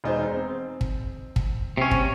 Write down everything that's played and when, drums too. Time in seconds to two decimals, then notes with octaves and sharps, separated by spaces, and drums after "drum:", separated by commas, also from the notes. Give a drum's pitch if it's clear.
0.04 E1 D#4 C5
0.33 C4
0.81 drum: kick
1.36 drum: kick
1.77 C3 C#4
1.91 drum: kick